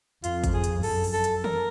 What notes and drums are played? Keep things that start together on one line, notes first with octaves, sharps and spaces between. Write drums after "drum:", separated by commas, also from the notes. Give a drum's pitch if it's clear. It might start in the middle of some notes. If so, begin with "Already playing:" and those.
F2 F4, drum: hi-hat
drum: kick, hi-hat
G#4
drum: hi-hat
F#2 A4, drum: open hi-hat
drum: open hi-hat
A4
drum: hi-hat
A#4, drum: tom